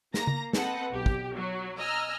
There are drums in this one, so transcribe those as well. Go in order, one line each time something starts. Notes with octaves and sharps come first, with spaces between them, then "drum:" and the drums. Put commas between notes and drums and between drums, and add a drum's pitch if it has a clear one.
A#3 A#5 A#6, drum: snare
drum: tom C#3
C4 A4 B4 D#5 F#5, drum: snare
B1 G4
drum: kick
F#3
D#5 G#5 A#5 E6 F6